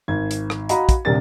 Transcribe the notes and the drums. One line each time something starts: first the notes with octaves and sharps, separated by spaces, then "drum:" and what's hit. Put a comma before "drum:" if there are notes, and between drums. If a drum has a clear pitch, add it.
G#1 G#6
drum: hi-hat
drum: rim click
F#4 D#5 F5 A#5 B5, drum: hi-hat
drum: kick, hi-hat
D#1 C3 G3 D4 A#4 A6